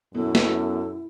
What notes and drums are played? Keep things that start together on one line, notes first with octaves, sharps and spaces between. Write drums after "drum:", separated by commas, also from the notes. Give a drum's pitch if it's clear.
F#2 B2 E4 A4
drum: snare